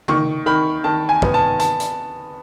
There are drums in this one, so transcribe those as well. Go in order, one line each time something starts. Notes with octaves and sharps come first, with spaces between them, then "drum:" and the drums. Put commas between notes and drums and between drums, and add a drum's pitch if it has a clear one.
D#3 C#6, drum: tom C#3
D#3 B5
D#3 A5
G#5
B3, drum: kick
A5
A5, drum: hi-hat
drum: hi-hat